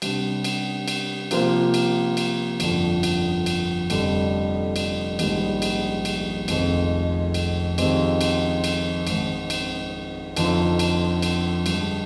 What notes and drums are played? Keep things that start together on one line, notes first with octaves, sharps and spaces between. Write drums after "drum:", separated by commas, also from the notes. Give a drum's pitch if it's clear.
C3 G3 D4, drum: cymbal
drum: cymbal
drum: cymbal
C3 F3 A#3 F4 C5, drum: cymbal
drum: cymbal
drum: cymbal
G1 F2 D3 F3, drum: cymbal
drum: cymbal
drum: cymbal
F1 F2 D3 G3, drum: cymbal
drum: cymbal
A#1 G#2 D#3 G3, drum: cymbal
drum: cymbal
drum: cymbal
F1 F2 D#3 G#3 C4, drum: cymbal
drum: cymbal
F2 D#3 G#3 C4 G4, drum: cymbal
drum: cymbal
drum: cymbal
G#1 G#2 D#3, drum: cymbal
drum: cymbal
F2 D3 F3 C4 D#4, drum: cymbal
drum: cymbal
drum: cymbal
G2 D3 G#3, drum: cymbal